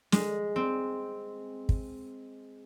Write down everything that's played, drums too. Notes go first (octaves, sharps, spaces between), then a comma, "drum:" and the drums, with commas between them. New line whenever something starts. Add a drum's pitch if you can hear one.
G#3, drum: snare
C4
drum: kick